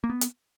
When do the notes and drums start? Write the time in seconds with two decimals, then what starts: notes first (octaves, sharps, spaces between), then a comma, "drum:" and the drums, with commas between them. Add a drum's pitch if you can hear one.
0.04 A#3
0.10 B3
0.21 drum: hi-hat